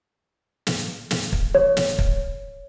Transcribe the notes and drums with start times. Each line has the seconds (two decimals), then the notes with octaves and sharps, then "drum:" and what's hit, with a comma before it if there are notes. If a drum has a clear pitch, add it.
0.67 drum: snare
1.11 drum: snare
1.33 drum: kick
1.55 C#5
1.77 drum: snare
1.99 drum: kick